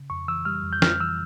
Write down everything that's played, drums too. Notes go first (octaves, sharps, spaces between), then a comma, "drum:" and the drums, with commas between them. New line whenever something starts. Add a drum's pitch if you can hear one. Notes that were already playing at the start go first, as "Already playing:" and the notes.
Already playing: C#3
F2 C#6
E3 E6
G3 F6
F2
G6
F2 F6, drum: snare
E3 E6